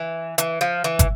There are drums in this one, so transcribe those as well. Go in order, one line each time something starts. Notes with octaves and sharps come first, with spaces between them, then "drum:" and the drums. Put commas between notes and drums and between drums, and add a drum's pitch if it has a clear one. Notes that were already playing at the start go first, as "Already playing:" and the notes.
Already playing: E3
E3, drum: hi-hat
F3
E3
drum: kick, hi-hat